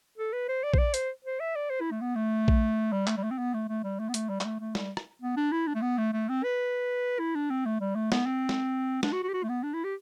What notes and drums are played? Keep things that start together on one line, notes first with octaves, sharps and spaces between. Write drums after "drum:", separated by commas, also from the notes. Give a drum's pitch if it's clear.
A4
B4
C5
D5
C5, drum: kick A#1
D5
C5, drum: hi-hat
C5
E5
D5
C5
E4
A3
B3
A3
drum: kick A#1
G3
A3, drum: clap
G3
A3
C4
B3
A3
A3
G3
A3
B3
A3, drum: hi-hat
G3
G3, drum: clap
A3
A3
G3, drum: snare
drum: rim click
B3
D4
E4
D4
A3
B3
A3
A3
C4
B4
E4
D4
C4
A3
G3
A3
B3, drum: snare
C4
drum: snare
D4, drum: snare
F#4
F#4
G4
F#4
A3
B3
D4
E4
G4